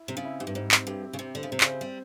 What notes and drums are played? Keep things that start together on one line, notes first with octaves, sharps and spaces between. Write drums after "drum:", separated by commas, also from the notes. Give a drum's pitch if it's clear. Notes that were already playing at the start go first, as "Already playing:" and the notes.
Already playing: E4
C3 C4
C#3
E4
G#2 G4
G2
G#2 C5
C4, drum: clap
G2 G4
G4
C#3
C3 C4
D3 C5
C#3
C3 C4
C#3 C5, drum: clap
G3 C4